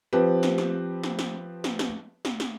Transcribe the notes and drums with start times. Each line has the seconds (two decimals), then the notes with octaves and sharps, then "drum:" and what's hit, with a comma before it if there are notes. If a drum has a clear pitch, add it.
0.13 F3 C4 G4 B4
0.43 drum: snare
0.58 drum: snare
1.03 drum: snare
1.19 drum: snare
1.64 drum: snare
1.79 drum: snare
2.25 drum: snare
2.40 drum: snare